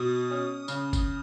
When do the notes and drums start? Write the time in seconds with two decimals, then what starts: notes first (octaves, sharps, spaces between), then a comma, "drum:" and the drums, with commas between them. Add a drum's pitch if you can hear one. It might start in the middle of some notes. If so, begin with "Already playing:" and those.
Already playing: B2 D#6
0.31 C#4
0.68 C#3, drum: tambourine
0.93 drum: kick, tambourine